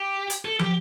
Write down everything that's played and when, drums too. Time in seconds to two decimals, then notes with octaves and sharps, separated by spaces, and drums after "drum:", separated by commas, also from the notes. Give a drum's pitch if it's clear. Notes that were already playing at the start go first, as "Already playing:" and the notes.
Already playing: G4
0.30 drum: hi-hat
0.45 A4
0.59 G4, drum: tom